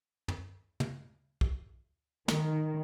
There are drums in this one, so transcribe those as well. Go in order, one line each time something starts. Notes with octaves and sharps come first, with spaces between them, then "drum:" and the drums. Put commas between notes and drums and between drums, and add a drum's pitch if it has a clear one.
drum: tom
drum: tom
drum: kick
D#3, drum: snare